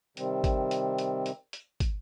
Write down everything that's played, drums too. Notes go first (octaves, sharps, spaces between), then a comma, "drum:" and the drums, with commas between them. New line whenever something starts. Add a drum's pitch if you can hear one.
C3 D#3 G3 C4, drum: hi-hat
drum: kick, hi-hat
drum: hi-hat
drum: hi-hat
drum: hi-hat
drum: hi-hat
drum: kick, hi-hat